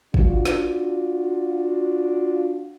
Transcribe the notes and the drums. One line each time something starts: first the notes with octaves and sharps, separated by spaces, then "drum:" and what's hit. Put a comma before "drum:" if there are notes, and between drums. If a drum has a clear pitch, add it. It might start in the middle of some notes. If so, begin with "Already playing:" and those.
D4 F4 F#4, drum: kick
drum: snare